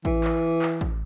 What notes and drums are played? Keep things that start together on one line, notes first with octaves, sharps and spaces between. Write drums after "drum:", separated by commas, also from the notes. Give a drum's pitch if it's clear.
E3, drum: kick A1
drum: clap
drum: clap
drum: kick A1